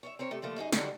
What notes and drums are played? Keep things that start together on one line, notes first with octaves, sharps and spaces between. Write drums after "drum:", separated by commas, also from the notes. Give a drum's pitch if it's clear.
C#5 D#5 E5
C4 A#4 C#5
C3 A3
D3 F3 A3 A#3
F#2 D#4 F#4 G#4
D3 D#3 F#3 G3 C4 D4, drum: snare